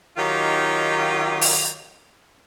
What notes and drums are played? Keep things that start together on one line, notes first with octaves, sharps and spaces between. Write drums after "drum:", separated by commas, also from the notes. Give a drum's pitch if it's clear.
D#3 F#3 D#4 F4 G4
drum: open hi-hat